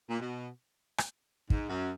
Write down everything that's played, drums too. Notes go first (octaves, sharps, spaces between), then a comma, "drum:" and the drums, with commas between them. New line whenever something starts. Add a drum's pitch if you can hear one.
A#2
B2
drum: rim click
G#2, drum: kick
F#2